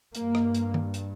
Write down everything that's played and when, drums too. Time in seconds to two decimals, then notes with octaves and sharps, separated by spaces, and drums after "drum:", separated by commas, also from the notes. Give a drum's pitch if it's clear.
0.15 G2 A#3, drum: hi-hat
0.35 drum: rim click
0.55 drum: hi-hat
0.74 drum: tom
0.94 drum: hi-hat